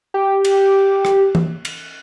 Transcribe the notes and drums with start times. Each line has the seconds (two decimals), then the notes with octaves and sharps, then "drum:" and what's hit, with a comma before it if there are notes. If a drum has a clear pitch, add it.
0.14 G4
0.45 drum: cymbal
1.05 drum: rim click
1.35 drum: tom
1.65 drum: cymbal